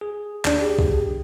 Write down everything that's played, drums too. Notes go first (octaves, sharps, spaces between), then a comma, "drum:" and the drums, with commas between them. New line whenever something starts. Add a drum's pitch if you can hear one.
G#4
D#2 D4 D5, drum: clap
G4 G#4
drum: kick C2